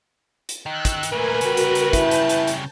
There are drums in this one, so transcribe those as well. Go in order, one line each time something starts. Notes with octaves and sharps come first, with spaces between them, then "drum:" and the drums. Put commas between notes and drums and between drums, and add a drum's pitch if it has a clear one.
drum: hi-hat
D#3 E6 F#6
drum: kick, hi-hat
drum: hi-hat
A#2 A3 A#4 B4 G#5
C#3 G3 F#4 A#4, drum: hi-hat
drum: hi-hat
drum: hi-hat
E4 A5 G6, drum: kick, hi-hat
drum: hi-hat
drum: hi-hat
drum: hi-hat